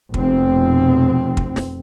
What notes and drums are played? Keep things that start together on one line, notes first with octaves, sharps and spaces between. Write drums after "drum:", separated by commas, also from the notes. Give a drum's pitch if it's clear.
F1 B2 C4, drum: kick
drum: kick
drum: snare